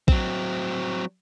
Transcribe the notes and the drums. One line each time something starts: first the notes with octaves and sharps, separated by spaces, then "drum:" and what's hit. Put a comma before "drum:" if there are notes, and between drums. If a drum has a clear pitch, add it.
F#3 C4, drum: kick